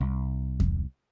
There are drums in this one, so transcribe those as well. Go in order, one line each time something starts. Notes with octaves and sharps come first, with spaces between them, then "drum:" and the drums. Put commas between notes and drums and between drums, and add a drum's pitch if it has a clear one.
C2
drum: kick E2